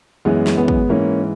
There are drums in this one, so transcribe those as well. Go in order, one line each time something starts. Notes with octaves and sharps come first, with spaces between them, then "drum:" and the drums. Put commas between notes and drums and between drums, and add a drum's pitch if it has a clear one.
F#2 E3 G#3 B3
drum: snare
G#3 B3
drum: kick
G#2 E3 A#3 C#4